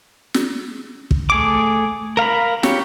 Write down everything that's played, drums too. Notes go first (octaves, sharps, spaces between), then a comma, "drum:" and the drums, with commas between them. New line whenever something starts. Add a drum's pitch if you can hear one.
drum: snare
drum: kick
A3 G#4 D6
A#4 F5 A#5 B5
G4 C#5, drum: snare